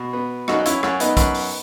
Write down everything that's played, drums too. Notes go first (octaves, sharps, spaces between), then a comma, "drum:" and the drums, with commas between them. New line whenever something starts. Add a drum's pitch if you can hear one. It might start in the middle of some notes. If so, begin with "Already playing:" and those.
Already playing: B2
B3
F#2 D#4 F#4, drum: rim click
D#4
C#4 E4, drum: hi-hat
F#2 C#4, drum: rim click
B3 D#4, drum: hi-hat
F#2, drum: kick, hi-hat
drum: open hi-hat